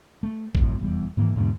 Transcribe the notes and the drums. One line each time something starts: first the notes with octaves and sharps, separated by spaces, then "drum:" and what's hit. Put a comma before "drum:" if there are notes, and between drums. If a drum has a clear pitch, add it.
A3
A#1 F#2 A2 C3, drum: kick
F1 E2 G3
G#2 D#3 E3 A#3
E2 G#2 B2 D3